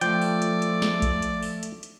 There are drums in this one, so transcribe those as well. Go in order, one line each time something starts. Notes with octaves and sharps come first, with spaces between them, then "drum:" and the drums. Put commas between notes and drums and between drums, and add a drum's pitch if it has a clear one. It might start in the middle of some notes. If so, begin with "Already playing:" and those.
F3 A3 D5 G5, drum: hi-hat
drum: open hi-hat
drum: hi-hat
drum: hi-hat
drum: snare
drum: kick A#1, hi-hat
drum: hi-hat
drum: open hi-hat
drum: hi-hat
drum: hi-hat